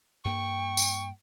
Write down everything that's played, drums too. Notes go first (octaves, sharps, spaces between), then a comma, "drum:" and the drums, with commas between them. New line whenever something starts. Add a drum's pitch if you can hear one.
G2 A#3 G5 C#6
drum: tambourine